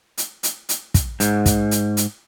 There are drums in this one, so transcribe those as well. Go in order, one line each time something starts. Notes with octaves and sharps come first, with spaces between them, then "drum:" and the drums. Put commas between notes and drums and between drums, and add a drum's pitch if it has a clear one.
drum: hi-hat
drum: hi-hat
drum: hi-hat
drum: kick, hi-hat
G#2, drum: hi-hat
drum: kick, hi-hat
drum: hi-hat
drum: hi-hat